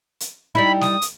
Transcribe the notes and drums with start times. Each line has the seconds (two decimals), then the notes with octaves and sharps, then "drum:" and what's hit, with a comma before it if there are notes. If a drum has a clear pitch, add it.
0.20 drum: hi-hat
0.55 G3 D#4 E4 B5
0.81 D#6, drum: snare
1.02 drum: hi-hat